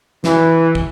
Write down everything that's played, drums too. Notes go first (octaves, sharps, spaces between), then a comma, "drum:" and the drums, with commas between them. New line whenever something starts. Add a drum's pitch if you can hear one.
E3, drum: snare
drum: kick